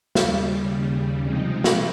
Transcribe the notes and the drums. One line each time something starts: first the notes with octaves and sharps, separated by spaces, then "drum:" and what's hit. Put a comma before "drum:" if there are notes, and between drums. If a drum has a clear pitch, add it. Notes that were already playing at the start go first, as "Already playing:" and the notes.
D#2 C#3 G3, drum: snare
C3 F3 G#3 C4 D#4
drum: snare